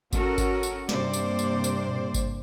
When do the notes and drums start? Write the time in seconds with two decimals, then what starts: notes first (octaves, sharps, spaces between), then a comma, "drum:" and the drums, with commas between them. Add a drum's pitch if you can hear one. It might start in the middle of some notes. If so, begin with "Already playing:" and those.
0.13 C#4 F#4 A4 A#4, drum: kick G#1, tambourine
0.38 drum: kick G#1, tambourine
0.63 drum: tambourine
0.89 G2 C3 A#3 C5 D5, drum: snare
1.13 drum: tambourine
1.39 drum: tambourine
1.64 drum: tambourine
1.89 drum: tom A#2
2.14 drum: kick G#1, tambourine